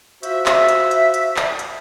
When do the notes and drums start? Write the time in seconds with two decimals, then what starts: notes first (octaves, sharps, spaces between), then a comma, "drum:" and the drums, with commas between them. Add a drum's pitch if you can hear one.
0.23 F4 F#4 C5 E5, drum: hi-hat
0.46 drum: clap
0.69 drum: hi-hat
0.91 drum: hi-hat
1.14 drum: hi-hat
1.36 drum: clap
1.59 drum: hi-hat